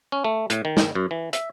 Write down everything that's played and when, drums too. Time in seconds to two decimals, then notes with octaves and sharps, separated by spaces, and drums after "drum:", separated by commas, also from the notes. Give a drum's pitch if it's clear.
0.12 C#4
0.24 A3
0.50 A2, drum: hi-hat
0.65 D#3
0.77 drum: snare
0.95 F#2
1.11 E3
1.33 E5, drum: hi-hat